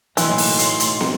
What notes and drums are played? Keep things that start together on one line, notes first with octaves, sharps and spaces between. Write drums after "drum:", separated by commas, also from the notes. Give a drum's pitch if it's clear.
A2 E3 F#3 A#3 D#4 C6, drum: hi-hat
drum: open hi-hat
drum: hi-hat
drum: hi-hat
drum: snare